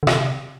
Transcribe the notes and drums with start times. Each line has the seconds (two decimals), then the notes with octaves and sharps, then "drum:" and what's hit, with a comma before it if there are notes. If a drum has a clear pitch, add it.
0.03 D3
0.07 C3, drum: rim click